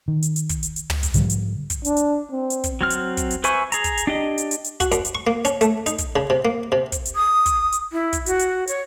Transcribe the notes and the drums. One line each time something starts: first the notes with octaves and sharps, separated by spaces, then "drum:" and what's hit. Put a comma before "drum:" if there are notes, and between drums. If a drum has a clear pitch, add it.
D#3
drum: hi-hat
drum: hi-hat
drum: kick, hi-hat
drum: hi-hat
drum: hi-hat
drum: tom
drum: kick, hi-hat
G#2 D3 F3 G3, drum: hi-hat
drum: hi-hat
drum: kick, hi-hat
D4, drum: hi-hat
drum: hi-hat
C4
drum: hi-hat
drum: kick, hi-hat
F#3 C4 F6
drum: hi-hat
drum: kick, hi-hat
drum: hi-hat
B4 C5 E5 G#5 C#6, drum: hi-hat
G#4 A#5, drum: hi-hat
drum: kick, hi-hat
drum: hi-hat
D4 G4 D#5
drum: hi-hat
drum: hi-hat
drum: hi-hat
F#4, drum: kick, hi-hat
F#2, drum: hi-hat
drum: hi-hat
C#6
A#3
C#4, drum: hi-hat
A3, drum: hi-hat
D#4, drum: hi-hat
drum: kick, hi-hat
C#3
C3
A#3
C3
drum: kick, hi-hat
drum: hi-hat
D#6
drum: kick, hi-hat
drum: hi-hat
E4
drum: kick, hi-hat
F#4, drum: hi-hat
drum: hi-hat
C#5, drum: hi-hat